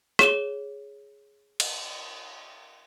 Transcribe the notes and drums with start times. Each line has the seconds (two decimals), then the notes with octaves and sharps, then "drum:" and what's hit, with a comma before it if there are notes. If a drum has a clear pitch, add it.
0.19 G#4 C#5 E7 G7, drum: rim click
1.60 drum: cymbal